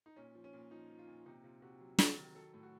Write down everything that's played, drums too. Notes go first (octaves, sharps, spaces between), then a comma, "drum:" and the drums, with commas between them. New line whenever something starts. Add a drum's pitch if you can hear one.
D#4
A#2 C#4
F3
C#4
A#2
F3 D#4
F3
F4
A#2
C3 D#4
C3 F4
C3 F#4
F#3
F#3, drum: snare
D#3
F#3 A4
A2
F#4